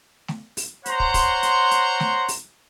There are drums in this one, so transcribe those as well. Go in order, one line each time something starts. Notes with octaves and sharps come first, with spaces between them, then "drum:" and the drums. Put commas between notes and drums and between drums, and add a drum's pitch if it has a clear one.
drum: snare A3
drum: open hi-hat
C5 C#5 F#5 A#5 C6, drum: hi-hat
drum: kick
drum: kick, open hi-hat
drum: hi-hat
drum: hi-hat
drum: snare A3
drum: open hi-hat